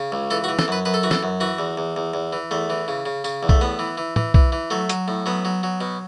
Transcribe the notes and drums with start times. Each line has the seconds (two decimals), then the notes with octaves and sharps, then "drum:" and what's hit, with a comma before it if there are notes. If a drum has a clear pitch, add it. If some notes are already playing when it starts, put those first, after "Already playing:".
Already playing: C#3
0.12 C#2
0.30 E3 A4
0.44 F#4
0.48 E3
0.59 A4, drum: snare
0.68 F#2 B4
0.85 F#2 B4
0.94 A4
1.03 E3 F#4
1.11 A4, drum: snare
1.23 F#2
1.40 E3 F#4
1.59 E2
1.77 E2
1.96 E2
2.14 E2
2.33 E3
2.51 E2 A3
2.70 E3
2.88 C#3
3.06 C#3
3.24 C#3, drum: tambourine
3.43 E2
3.49 A3, drum: kick B1
3.61 A2 B3
3.79 E3
3.98 E3
4.16 E3, drum: tom
4.34 E3, drum: kick B1
4.52 E3
4.70 F#3 A3
4.89 F#3, drum: hi-hat
5.08 A2
5.26 F#3 B3
5.45 F#3
5.63 F#3
5.81 B2